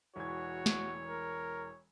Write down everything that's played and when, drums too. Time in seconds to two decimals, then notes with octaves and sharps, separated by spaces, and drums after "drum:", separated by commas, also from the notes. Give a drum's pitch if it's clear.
0.16 E1 E3 F#4 C#5 G#6
0.66 drum: snare
1.07 A#4